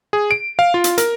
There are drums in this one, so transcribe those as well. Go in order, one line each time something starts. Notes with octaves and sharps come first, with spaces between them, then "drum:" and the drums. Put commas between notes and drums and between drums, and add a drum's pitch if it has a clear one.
G#4
D7
F5
F4
drum: hi-hat
A#4, drum: hi-hat